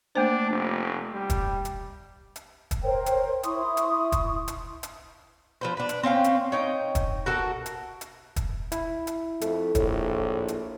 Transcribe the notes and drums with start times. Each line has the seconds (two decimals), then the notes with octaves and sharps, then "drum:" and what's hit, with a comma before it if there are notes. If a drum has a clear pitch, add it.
0.15 A3 A#3 D4 C5
0.50 F1
1.13 G3
1.30 drum: kick, hi-hat
1.65 drum: hi-hat
2.36 drum: hi-hat
2.71 drum: kick, hi-hat
2.83 A#4 C5 C#5 G5
3.06 drum: hi-hat
3.43 E4 C6 C#6 D#6, drum: hi-hat
3.77 drum: hi-hat
4.12 drum: kick, hi-hat
4.48 drum: hi-hat
4.83 drum: hi-hat
5.61 F3 B4 C5
5.77 D4 B4
5.89 drum: hi-hat
6.03 C4 C#4 F5 G5
6.24 drum: hi-hat
6.52 C#4 D#4 G5
6.95 drum: kick, hi-hat
7.26 F#4 A4 A#4
7.66 drum: hi-hat
8.01 drum: hi-hat
8.36 drum: kick, hi-hat
8.72 E4, drum: hi-hat
9.07 drum: hi-hat
9.41 F2 A3, drum: hi-hat
9.75 A#1 A2, drum: kick, hi-hat
10.48 drum: hi-hat